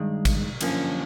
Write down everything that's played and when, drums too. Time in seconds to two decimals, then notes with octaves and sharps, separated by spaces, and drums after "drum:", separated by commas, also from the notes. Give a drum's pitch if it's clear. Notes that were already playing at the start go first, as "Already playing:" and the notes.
Already playing: G2 D#3 G#3
0.25 drum: kick, cymbal
0.61 F#2 D3 F3 A#3 C#4, drum: cymbal